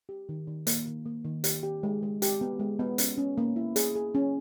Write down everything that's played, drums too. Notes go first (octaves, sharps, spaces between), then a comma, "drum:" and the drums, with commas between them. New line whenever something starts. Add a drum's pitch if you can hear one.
G4
D#3
D#3
A#3, drum: hi-hat
D#3
A#3
D#3
G4, drum: hi-hat
G4
G#3
G#3
G4, drum: hi-hat
B3
G#3
B3
C#4, drum: hi-hat
C#4
A#3
E4
G#4, drum: hi-hat
G#4
C#4